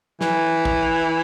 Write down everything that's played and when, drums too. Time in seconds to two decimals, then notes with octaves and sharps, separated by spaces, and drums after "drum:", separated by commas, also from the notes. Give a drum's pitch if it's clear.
0.21 E3, drum: snare
0.65 drum: kick